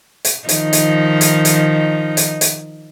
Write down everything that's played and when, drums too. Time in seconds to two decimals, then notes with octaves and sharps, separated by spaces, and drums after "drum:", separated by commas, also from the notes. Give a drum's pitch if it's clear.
0.25 drum: hi-hat
0.49 D#3 F3 D#4, drum: hi-hat
0.73 drum: hi-hat
1.21 drum: hi-hat
1.45 drum: hi-hat
2.17 drum: hi-hat
2.41 drum: hi-hat